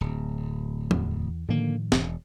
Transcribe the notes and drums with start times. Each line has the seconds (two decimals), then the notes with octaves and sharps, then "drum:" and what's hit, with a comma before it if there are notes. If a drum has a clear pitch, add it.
0.01 D1
0.91 E2, drum: tom E3
1.49 A2 D3 D#3 F3 A#3
1.92 E1, drum: snare